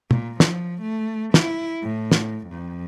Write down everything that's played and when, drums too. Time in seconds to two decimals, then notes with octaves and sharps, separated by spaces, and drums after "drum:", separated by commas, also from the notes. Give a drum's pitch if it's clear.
0.11 A#2, drum: tom
0.40 F3, drum: snare
0.82 A3
1.34 E4, drum: snare
1.82 A2
2.12 drum: snare
2.47 F2